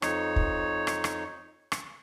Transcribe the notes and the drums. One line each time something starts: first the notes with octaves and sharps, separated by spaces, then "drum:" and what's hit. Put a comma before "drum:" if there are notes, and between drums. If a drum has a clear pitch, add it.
F2 D#4 C#5, drum: rim click
drum: kick
drum: rim click
drum: rim click
drum: rim click